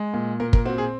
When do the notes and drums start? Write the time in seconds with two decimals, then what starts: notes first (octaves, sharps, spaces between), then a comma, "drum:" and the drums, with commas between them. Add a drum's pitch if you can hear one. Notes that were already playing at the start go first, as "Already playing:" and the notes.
Already playing: G#3
0.13 A#2
0.40 A#2 A#4
0.53 A#4, drum: kick
0.65 C4 F#4
0.78 G#4